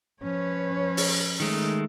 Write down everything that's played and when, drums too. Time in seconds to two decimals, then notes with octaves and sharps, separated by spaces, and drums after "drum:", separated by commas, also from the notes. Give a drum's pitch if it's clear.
0.22 F3 C#4 B4 C#5
0.97 drum: open hi-hat
1.40 D#3 G#3 A3